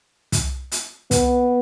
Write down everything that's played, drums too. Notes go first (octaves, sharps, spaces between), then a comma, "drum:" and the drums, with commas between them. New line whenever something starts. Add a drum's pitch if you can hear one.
drum: kick, hi-hat
drum: hi-hat
B3, drum: kick, hi-hat